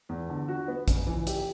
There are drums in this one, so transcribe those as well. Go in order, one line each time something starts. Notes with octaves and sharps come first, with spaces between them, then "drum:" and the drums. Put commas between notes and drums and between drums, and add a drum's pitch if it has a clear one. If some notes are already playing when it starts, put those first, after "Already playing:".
E2
D3
F#4
B3
C#3, drum: kick A1, hi-hat
E3
G4, drum: hi-hat